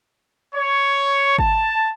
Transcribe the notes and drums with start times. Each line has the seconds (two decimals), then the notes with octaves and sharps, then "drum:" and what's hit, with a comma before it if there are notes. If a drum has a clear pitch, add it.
0.55 C#5
1.38 A5, drum: kick G1